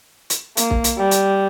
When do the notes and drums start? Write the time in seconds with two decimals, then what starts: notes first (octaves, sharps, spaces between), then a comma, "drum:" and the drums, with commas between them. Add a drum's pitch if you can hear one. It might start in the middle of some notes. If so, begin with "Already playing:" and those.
0.30 drum: hi-hat
0.57 A#3, drum: hi-hat
0.70 drum: kick
0.84 drum: hi-hat
0.98 G3
1.11 drum: hi-hat